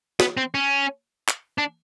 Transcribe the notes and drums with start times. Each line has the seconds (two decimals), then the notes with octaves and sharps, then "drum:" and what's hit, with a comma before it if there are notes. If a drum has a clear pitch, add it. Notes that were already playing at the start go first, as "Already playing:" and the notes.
0.20 B3, drum: snare
0.37 C4
0.55 C#4
1.28 drum: clap
1.58 D4